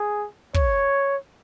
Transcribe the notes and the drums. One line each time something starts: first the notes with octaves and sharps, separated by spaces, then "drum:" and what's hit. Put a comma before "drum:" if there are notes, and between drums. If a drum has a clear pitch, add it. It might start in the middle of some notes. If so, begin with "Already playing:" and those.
Already playing: G#4
C#5, drum: kick